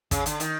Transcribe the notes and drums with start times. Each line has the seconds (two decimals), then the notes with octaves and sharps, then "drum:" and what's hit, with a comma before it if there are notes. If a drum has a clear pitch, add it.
0.11 C#3, drum: kick, hi-hat
0.26 D3, drum: hi-hat
0.40 D#3, drum: hi-hat